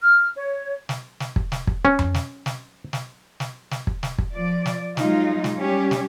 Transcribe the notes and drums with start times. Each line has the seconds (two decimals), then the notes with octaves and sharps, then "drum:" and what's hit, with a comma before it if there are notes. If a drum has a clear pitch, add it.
0.01 F6
0.35 C#5
0.89 drum: snare
1.20 drum: snare
1.36 drum: kick
1.52 drum: snare
1.67 drum: kick
1.85 C#4
1.99 drum: tom F2
2.14 drum: snare
2.46 drum: snare
2.93 drum: snare
3.40 drum: snare
3.71 drum: snare
3.87 drum: kick
4.03 drum: snare
4.18 drum: kick
4.33 F3 D5
4.66 drum: snare
4.97 F#3 G#3 D#4 F4, drum: snare
5.44 drum: snare
5.58 G3 C#4 G4
5.91 drum: snare